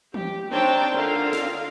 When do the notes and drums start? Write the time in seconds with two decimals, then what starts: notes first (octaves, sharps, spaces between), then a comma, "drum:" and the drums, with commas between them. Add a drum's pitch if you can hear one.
0.14 G4, drum: tom E3
0.51 C4 D4 D#4 C#5 G5 A5
0.93 D3 F4 A#4 D#5 F5
1.33 drum: snare